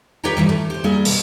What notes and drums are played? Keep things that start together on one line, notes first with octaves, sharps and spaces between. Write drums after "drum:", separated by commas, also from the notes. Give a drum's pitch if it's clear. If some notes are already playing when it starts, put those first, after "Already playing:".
G4 B4 C#5 D5 G5 A#5
G2 E3 G3
A3
G4 C5
F#3 G3 A#3 G#4
B2, drum: open hi-hat